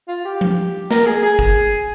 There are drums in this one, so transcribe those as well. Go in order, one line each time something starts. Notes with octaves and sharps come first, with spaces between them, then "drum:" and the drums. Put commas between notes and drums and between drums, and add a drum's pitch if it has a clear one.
F4
G4
drum: tom F3
A#4, drum: snare A#3
G#4
G#4
drum: kick